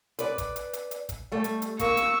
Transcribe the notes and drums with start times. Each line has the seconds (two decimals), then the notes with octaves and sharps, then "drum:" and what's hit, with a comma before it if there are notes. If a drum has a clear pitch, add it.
0.19 B4 D5, drum: hi-hat
0.38 drum: kick, hi-hat
0.56 drum: hi-hat
0.73 drum: hi-hat
0.91 drum: hi-hat
1.09 drum: kick, hi-hat
1.32 G3 A3
1.44 drum: hi-hat
1.62 drum: hi-hat
1.79 A#3 C#6 E6, drum: kick, hi-hat
1.97 drum: hi-hat